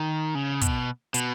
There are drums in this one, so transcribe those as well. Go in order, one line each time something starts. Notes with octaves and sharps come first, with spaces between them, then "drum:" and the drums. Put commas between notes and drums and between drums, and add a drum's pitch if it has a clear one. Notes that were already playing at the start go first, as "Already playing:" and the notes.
Already playing: D#3
C#3
B2, drum: kick, hi-hat
B2, drum: hi-hat